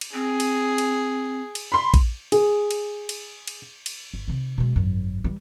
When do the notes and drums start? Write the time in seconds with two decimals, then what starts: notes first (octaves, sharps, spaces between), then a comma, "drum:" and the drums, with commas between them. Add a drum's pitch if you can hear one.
0.01 drum: cymbal
0.14 C4 G#4
0.40 drum: cymbal
0.78 drum: cymbal
1.55 drum: cymbal
1.72 B5 C6
1.94 drum: kick, cymbal
2.32 G#4, drum: cymbal
2.71 drum: cymbal
3.09 drum: cymbal
3.47 drum: cymbal
3.86 drum: cymbal
4.14 G1
4.28 C3 D#3
4.58 B2 G#3
4.76 G#1 F#2
5.24 E3 G3